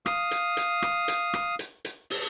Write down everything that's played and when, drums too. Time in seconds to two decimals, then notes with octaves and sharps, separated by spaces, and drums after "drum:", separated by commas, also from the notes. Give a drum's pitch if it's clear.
0.06 F5 D#6, drum: rim click
0.31 drum: hi-hat
0.57 drum: hi-hat
0.82 drum: rim click
1.08 drum: hi-hat
1.33 drum: rim click
1.59 drum: hi-hat
1.85 drum: hi-hat
2.10 drum: open hi-hat